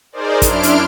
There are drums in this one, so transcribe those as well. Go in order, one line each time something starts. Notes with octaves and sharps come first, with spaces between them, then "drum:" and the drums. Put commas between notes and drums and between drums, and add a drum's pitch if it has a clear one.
D#4 G#4 A#4 C5 D5
F#2 D4 E4 C6 F6 D7, drum: kick, hi-hat
drum: hi-hat